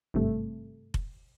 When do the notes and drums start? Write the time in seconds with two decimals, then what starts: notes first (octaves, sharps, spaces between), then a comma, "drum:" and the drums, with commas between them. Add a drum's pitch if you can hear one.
0.14 G#1 G2 C3 A3
0.94 drum: kick F1